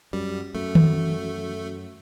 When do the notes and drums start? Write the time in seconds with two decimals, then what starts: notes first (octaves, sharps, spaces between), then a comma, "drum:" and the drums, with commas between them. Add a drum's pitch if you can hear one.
0.13 F#2 G3
0.54 F#2 A3
0.75 drum: tom D#3